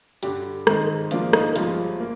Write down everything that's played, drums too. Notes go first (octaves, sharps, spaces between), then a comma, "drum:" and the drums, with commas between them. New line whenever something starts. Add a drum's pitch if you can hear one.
G2 D3 G3 D4 G4, drum: hi-hat
G#2 D#3 G#3 C4 D#4, drum: rim click
G#2 F3 A#3 D4 F4, drum: hi-hat
D#4, drum: rim click
G1 G2 F3 G#3 F4, drum: hi-hat
A#3